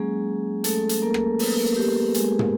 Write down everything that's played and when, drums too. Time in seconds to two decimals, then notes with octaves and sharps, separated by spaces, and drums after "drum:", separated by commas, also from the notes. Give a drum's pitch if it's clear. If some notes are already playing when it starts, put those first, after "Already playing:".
Already playing: F#3 G#3 A#3 C#4 G#4
0.64 A3 A4, drum: hi-hat
0.89 drum: hi-hat
1.02 A#3 A#4
1.14 drum: rim click
1.39 B3 B4, drum: open hi-hat
1.58 A#3 A#4
1.77 G4
1.96 G4
2.14 G#3 G#4, drum: hi-hat
2.39 drum: tom